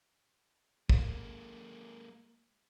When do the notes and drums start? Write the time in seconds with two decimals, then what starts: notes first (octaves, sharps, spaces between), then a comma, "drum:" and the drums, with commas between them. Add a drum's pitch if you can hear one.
0.89 G#3 A#3, drum: kick